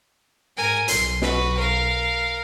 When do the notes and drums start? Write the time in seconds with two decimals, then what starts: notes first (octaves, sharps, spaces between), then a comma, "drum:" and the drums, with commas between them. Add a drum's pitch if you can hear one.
0.57 G#2 A#4 G#5
0.88 B1 C6, drum: hi-hat
1.22 F#4 B4, drum: snare
1.57 A#4 F5